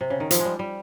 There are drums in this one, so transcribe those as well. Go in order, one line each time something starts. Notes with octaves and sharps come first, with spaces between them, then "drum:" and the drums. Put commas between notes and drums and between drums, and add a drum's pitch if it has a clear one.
C3
C#3
D#3
F3, drum: hi-hat
G#3
G3
G3